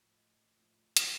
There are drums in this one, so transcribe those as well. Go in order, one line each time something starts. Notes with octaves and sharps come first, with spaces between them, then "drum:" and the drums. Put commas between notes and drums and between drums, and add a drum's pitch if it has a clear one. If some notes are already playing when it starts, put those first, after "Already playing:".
Already playing: A2 F3
D#5
A2 F3
C5, drum: hi-hat